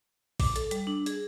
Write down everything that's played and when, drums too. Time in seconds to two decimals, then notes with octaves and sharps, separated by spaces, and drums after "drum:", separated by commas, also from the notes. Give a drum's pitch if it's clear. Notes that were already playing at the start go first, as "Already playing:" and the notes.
0.40 D6, drum: kick A1, open hi-hat
0.56 A4, drum: hi-hat
0.71 G3, drum: hi-hat
0.87 D4
1.06 G#4, drum: hi-hat